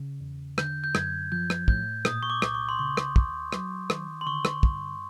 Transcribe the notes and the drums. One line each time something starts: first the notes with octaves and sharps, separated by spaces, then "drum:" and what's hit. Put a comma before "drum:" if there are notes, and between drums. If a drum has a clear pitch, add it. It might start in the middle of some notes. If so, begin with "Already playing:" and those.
Already playing: C#3
E2
D3 G6, drum: rim click
G6
F#2 G#6, drum: rim click
F3 G6
drum: rim click
A2 G6, drum: kick
A#2 D#6, drum: rim click
C#6
D6
C2, drum: rim click
C#6
C6
C#3 C#6
drum: rim click
D#2, drum: kick
F#3, drum: rim click
D#3, drum: rim click
C6
D3 C#6
drum: rim click
G2, drum: kick